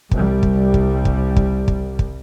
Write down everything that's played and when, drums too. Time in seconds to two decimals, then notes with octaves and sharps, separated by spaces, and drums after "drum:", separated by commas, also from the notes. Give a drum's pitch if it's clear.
0.11 C2 G3, drum: kick
0.43 drum: kick
0.74 drum: kick
1.05 drum: kick
1.36 drum: kick
1.68 drum: kick
1.99 drum: kick